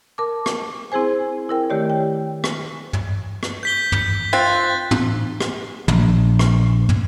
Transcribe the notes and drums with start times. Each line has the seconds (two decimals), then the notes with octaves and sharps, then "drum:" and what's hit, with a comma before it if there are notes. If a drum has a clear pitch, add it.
0.18 A#4 A5 D6
0.46 drum: rim click
0.92 C4 E4 G#4 C5 G#5
1.49 E4 A#4 G5
1.70 D#3 A3 G4 C#5 D5
1.90 G5
2.44 drum: rim click
2.93 drum: tom
3.43 drum: rim click
3.63 G6 B6 G7
3.92 drum: tom
4.33 C4 F4 F#6 A6
4.91 drum: tom
5.41 drum: rim click
5.88 A#1, drum: tom
6.39 drum: rim click
6.89 drum: tom